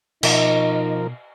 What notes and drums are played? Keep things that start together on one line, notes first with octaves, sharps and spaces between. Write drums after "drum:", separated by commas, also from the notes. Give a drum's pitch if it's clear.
B2 F3 D#4 A#4 D#5, drum: cymbal